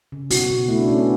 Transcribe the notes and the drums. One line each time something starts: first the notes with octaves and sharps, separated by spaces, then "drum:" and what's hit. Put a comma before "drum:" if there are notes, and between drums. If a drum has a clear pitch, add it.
C#3
B2 F#4, drum: open hi-hat
B2
A3 E4
D4
A3 C#4
B3